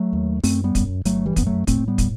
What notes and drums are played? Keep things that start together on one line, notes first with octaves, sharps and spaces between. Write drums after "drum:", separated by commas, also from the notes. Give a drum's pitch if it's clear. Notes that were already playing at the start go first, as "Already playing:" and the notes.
Already playing: F#3 A3
D#2
F#2 A3 C4, drum: open hi-hat
G3 B3
F#2, drum: kick, hi-hat
G1 F#3 A3, drum: hi-hat
E3 G3
F#2 B3, drum: kick, hi-hat
F#3 A3
A2 A3 C4, drum: kick, hi-hat
G3 B3
drum: kick, hi-hat